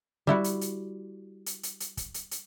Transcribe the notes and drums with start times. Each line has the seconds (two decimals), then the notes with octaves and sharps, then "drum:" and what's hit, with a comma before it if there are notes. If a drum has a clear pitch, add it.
0.27 G3 E4 F#4
0.44 drum: hi-hat
0.61 drum: hi-hat
1.46 drum: hi-hat
1.63 drum: hi-hat
1.80 drum: hi-hat
1.97 drum: kick, hi-hat
2.14 drum: hi-hat
2.31 drum: hi-hat